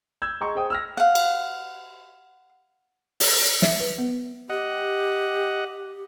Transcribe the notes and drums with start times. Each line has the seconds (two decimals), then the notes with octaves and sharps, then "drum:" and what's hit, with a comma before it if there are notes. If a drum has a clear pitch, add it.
0.22 E6 G6 G#6
0.41 G#4 D#5 A#5 C6 C#6
0.55 G#4 C5 G5 D#6
0.70 E6 F6 A#6
0.97 F5 F#5
1.15 drum: cymbal
3.20 drum: open hi-hat
3.62 E5, drum: snare
3.80 B4
3.98 B3
4.50 G4 D#5 F#5